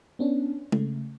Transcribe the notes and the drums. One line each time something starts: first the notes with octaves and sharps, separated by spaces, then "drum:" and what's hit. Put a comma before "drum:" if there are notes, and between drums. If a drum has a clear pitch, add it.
B3 C#4 D4
C#3 A3, drum: tom G#3